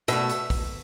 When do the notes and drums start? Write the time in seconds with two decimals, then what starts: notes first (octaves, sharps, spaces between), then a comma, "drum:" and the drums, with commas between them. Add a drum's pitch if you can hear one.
0.08 B2 A3 E5, drum: hi-hat
0.29 drum: hi-hat
0.50 drum: kick, open hi-hat